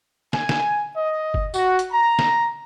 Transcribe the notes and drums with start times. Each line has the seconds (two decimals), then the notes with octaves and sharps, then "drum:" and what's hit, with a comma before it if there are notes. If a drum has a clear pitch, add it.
0.33 G#5, drum: snare
0.49 drum: snare
0.96 D#5
1.34 drum: kick F#1
1.54 F#4, drum: tambourine
1.79 drum: hi-hat
1.90 A#5
2.19 drum: snare